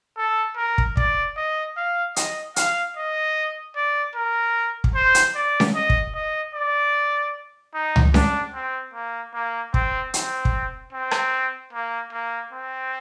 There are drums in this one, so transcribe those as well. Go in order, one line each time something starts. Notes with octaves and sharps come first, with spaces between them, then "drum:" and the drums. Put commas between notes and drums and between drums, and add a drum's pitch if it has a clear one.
A4
A#4
drum: kick
D5, drum: kick
D#5
F5
D#5, drum: hi-hat
F5, drum: hi-hat
D#5
D5
A#4
drum: kick
C5
drum: hi-hat
D5
drum: snare C#4
D#5
drum: kick
D#5
D5
D#4
drum: tom C#2
D4, drum: snare C#4
C4
A#3
A#3
C4, drum: kick
C4, drum: hi-hat
drum: kick
C4
drum: rim click
A#3
A#3
C4